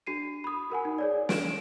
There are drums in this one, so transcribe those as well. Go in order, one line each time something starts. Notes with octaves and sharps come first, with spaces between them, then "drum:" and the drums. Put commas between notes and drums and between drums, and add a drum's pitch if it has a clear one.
D4 F#4 C7 D#7
B5 D#6
F#4 A#4 F#5 G#5
D#4
G#4 C#5 D5
D7 E7, drum: snare